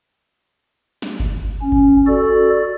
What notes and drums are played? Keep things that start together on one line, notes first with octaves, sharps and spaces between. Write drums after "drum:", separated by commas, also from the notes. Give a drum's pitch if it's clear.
drum: snare
drum: kick G1
C#4
drum: kick G1
F#4 A4 D5